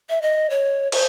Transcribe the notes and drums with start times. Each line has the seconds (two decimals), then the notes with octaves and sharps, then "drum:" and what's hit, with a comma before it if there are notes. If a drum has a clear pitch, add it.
0.10 E5
0.22 D#5
0.50 C#5
0.92 C5, drum: cymbal